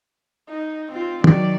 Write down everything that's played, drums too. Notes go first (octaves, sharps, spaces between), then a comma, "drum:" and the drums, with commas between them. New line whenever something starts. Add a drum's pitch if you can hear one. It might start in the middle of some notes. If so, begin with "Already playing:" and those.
D#4
C4 F4
D#3 F#3 D5, drum: tom